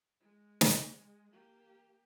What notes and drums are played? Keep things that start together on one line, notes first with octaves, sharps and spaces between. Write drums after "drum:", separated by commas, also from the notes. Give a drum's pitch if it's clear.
G#3
drum: snare
A#3 G4